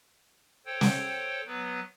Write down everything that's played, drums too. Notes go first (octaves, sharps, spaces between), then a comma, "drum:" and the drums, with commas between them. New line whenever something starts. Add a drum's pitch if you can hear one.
A4 C5 C#5 G5
drum: snare
F#3 B3 B4